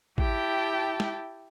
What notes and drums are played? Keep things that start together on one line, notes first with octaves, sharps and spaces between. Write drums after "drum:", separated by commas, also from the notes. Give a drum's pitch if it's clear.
E4 G4 G5 A5, drum: kick
drum: snare